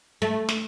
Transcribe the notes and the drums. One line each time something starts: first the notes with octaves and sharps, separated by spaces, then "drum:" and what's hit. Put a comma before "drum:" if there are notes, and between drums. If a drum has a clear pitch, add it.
A3
drum: snare